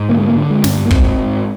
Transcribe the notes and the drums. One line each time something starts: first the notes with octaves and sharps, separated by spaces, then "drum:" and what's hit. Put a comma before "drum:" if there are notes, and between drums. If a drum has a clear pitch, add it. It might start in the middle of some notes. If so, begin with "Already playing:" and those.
Already playing: G#2
D3 A#3
G#3
A#3
D3
G#3
G2, drum: snare
A#3
G#2 C4, drum: kick
G#2